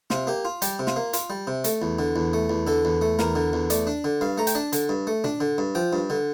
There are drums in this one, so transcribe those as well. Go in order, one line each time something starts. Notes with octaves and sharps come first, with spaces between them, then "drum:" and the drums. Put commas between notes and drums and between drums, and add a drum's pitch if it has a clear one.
C3 F4, drum: snare
A#3 G4
F4
G3 G4, drum: hi-hat
C3
F4, drum: snare
A#3
F4, drum: hi-hat
G3
C3
A3, drum: hi-hat
E2
D3
E2
A3
E2
D3 A4
E2
A3
E2 A#4, drum: snare
D3
E2
A3 D5, drum: hi-hat
D4
D3
G2 F5
A3 A#5
G5, drum: hi-hat
D4 A5
D3, drum: hi-hat
G2
A3
D4, drum: tom A#2
D3
G2
F3 G5
G2
D3